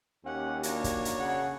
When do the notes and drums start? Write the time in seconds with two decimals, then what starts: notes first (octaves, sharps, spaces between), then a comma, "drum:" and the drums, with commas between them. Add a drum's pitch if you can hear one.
0.25 D#2 C#4 G4 F#5
0.63 A#3 D4 F#4 C#5, drum: hi-hat
0.84 drum: kick, hi-hat
1.05 drum: hi-hat
1.19 C#3 F#5